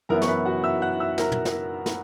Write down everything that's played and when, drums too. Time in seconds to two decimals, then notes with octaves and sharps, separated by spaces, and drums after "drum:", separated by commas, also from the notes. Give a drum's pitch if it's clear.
0.09 F#2 E3 B3 E4 A#4 A#5
0.22 C#6, drum: snare
0.28 B4 B5
0.45 F#4 F#5
0.64 E5 E6
0.82 F#5 F#6
1.00 E5 E6
1.18 A#4 A#5, drum: snare
1.32 drum: tom
1.45 drum: snare
1.86 drum: snare